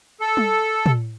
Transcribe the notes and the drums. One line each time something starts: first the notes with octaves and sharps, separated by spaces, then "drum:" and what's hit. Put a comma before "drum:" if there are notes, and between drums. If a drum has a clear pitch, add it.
A4
drum: tom
drum: tom